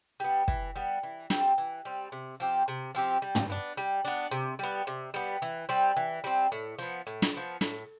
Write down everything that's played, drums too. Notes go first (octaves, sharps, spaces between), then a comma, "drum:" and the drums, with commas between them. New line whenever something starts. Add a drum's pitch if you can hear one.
G3 B3
E3, drum: kick
G3 B3
E3
G3 C4, drum: snare
E3
G3 C4
C3
F3 C4 G4
C3
F3 C4 G4
G3
drum: tom
B3 D4
G3
B3 D4
C3
G3 B3
C3
G3 B3
E3
G3 C4
E3
G3 C4
A2
F3 B3
A2
drum: snare
F3 B3
A2, drum: snare